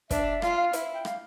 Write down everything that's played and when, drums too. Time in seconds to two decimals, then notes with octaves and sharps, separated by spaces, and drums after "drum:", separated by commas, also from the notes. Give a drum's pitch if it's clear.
0.11 D4 E5, drum: kick, hi-hat
0.42 F4 F5, drum: rim click
0.58 F5
0.73 E4, drum: hi-hat
0.94 G5
1.05 F5, drum: rim click